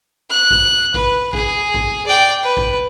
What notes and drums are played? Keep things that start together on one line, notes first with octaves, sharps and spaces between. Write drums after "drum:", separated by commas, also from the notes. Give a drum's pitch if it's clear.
F#6
drum: kick A1
B4, drum: kick A1
G#4, drum: kick A1
drum: kick A1
D5 G5
B4
drum: kick A1